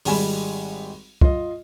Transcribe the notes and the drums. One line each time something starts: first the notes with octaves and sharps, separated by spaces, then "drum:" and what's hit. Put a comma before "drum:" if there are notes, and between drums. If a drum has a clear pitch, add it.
G#1 G3 G#3 G#5 B5 E7, drum: open hi-hat
F4 D#5, drum: kick